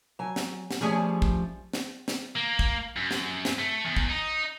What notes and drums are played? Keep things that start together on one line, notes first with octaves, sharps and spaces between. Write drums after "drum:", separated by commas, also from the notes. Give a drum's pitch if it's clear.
F#3 G#5
drum: snare
drum: snare
F3 G3 A3 C#4 G#4
drum: kick
drum: snare
drum: snare
A#3
drum: kick
F#2
drum: snare
drum: snare
A3
E2
drum: kick
D#4